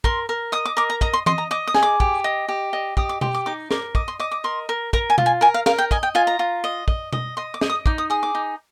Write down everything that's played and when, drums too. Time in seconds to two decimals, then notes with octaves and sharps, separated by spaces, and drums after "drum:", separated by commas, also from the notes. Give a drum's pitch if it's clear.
0.04 A#4 C6, drum: kick
0.29 A#4
0.52 D#5 D#6
0.65 D6
0.77 A#4 D6
0.90 A#5
1.01 D#5 A#5, drum: kick
1.13 C6
1.26 D#5 C6, drum: tom E3
1.38 A#5
1.51 D#5 D6
1.67 D#6
1.74 G#4, drum: snare
1.83 D6
2.00 G4, drum: kick
2.24 D#5
2.49 G4
2.73 D#5
2.97 G4 D#6, drum: kick
3.09 D6
3.21 G4 C6, drum: tom B2
3.34 D6
3.46 D#4 D6
3.71 A#4 D6, drum: snare
3.95 D#5 D6, drum: kick
4.08 C6
4.20 D#5 D6
4.31 D6
4.44 A#4 C6
4.69 A#4
4.93 A#4 A#5, drum: kick
5.10 G#5
5.18 F4, drum: tom B2
5.26 G#5
5.41 A#4 G#5
5.54 F5
5.66 A#4 F5, drum: snare
5.78 G5
5.91 D#5 G#5, drum: kick
6.03 G5
6.15 F4 G#5
6.27 A#5
6.39 F4
6.64 D#5
6.88 D#5, drum: kick
7.13 D#5, drum: tom B2
7.37 D#5 C6
7.54 D6
7.61 D#5, drum: snare
7.70 D#6
7.86 D#4 D6, drum: kick
7.98 D#6
8.10 G#4 D#6
8.23 D6
8.35 D#4